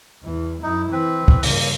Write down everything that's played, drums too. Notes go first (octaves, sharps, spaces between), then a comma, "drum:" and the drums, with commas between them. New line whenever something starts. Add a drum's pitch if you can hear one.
E2 E3
F#2 D#4 E4
E3 C4 B4
drum: kick
G2 C#3 A#3, drum: open hi-hat